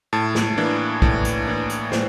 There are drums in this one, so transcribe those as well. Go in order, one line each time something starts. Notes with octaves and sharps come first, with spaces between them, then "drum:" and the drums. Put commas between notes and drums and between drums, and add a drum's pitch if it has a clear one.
A2 A5
drum: snare
E3 A#3 D4
A2, drum: kick
drum: hi-hat
E3 A#3 D4
drum: hi-hat
A2 C5, drum: snare